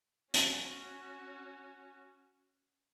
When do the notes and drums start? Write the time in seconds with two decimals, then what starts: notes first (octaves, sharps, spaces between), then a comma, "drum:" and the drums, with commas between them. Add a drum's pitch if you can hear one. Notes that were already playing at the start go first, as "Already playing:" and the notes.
0.34 C#4 F#4, drum: hi-hat